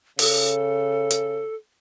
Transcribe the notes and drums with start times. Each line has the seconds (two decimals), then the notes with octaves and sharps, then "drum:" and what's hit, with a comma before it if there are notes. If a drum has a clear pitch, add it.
0.19 C#3 A4, drum: open hi-hat
1.10 drum: hi-hat